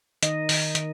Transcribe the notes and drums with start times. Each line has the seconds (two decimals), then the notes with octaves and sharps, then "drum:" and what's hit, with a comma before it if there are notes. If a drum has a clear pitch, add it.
0.23 D#3 D#4 D#5, drum: hi-hat
0.49 D#3, drum: open hi-hat
0.75 D#3, drum: hi-hat